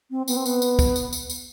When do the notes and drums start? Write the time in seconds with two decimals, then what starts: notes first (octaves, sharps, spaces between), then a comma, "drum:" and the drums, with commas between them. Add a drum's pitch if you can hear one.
0.11 C4
0.28 B3, drum: tambourine
0.37 C4
0.46 B3, drum: tambourine
0.62 drum: tambourine
0.79 drum: kick, tambourine
0.96 drum: tambourine
1.13 drum: tambourine
1.30 drum: tambourine